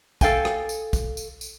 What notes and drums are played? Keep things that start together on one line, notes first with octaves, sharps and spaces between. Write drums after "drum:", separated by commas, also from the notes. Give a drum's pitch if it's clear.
A4 F5 G5 G#5, drum: kick, tambourine
drum: rim click
drum: tambourine
drum: kick, tambourine
drum: tambourine
drum: tambourine